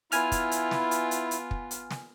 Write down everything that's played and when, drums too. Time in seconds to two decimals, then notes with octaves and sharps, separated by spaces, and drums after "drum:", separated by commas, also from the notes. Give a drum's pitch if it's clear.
0.12 B3 E4 F4 G#5 F6, drum: hi-hat
0.32 drum: kick, hi-hat
0.51 drum: hi-hat
0.71 drum: snare
0.91 drum: hi-hat
1.11 drum: hi-hat
1.31 drum: hi-hat
1.51 drum: kick
1.71 drum: hi-hat
1.91 drum: snare